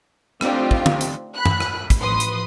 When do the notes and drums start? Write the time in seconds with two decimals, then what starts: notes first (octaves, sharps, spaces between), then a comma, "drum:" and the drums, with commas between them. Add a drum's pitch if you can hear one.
0.41 A3 C4 D4 D#4 F4 G4, drum: rim click
0.71 drum: kick
0.86 drum: tom
1.01 drum: hi-hat
1.35 B5 F#6
1.46 drum: tom F#2
1.60 drum: rim click
1.90 drum: kick, hi-hat
2.01 A1 F3 B4 C6 D#6
2.20 drum: hi-hat